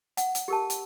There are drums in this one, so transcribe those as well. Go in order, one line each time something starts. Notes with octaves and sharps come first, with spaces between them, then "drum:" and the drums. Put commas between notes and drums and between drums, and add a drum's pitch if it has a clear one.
F#5, drum: hi-hat
drum: hi-hat
G4 A#4 A5
drum: hi-hat